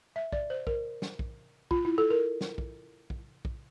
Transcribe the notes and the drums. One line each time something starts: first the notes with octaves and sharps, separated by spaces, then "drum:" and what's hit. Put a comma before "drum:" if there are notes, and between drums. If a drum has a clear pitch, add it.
E5
D5, drum: kick
C5
A#4, drum: kick
drum: snare
drum: kick
F4, drum: kick
E4
A4
A#4
drum: snare
drum: kick
drum: kick
drum: kick